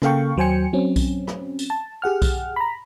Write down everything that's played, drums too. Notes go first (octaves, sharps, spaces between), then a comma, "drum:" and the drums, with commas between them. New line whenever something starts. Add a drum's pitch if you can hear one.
C#3 A#3 A4 F5 G5 C#6, drum: rim click
D#2 F#3 C5 G5 G#5 C#7
F#3 C4 C#4
drum: kick B1, tambourine
drum: rim click
drum: tambourine
A5
G4 G#4 F#5 F6
drum: kick B1, tambourine
A#5 B5